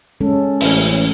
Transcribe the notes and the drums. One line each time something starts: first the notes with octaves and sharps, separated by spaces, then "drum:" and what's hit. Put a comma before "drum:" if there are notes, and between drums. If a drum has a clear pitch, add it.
G#3 C#4 A4
A1, drum: open hi-hat